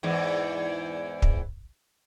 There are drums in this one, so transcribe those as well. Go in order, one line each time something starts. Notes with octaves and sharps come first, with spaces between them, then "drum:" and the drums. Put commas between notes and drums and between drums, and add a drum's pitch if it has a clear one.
E2 G#2 E3
drum: kick